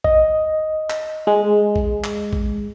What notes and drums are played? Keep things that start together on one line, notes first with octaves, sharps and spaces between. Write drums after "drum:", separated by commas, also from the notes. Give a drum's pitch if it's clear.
D#5, drum: kick A#1
drum: clap
G#3
drum: kick A#1
drum: clap
drum: kick A#1